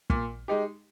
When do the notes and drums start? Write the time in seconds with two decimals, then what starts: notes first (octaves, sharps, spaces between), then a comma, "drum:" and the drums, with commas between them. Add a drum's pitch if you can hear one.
0.10 A#2, drum: kick
0.48 G#3 D#4 G4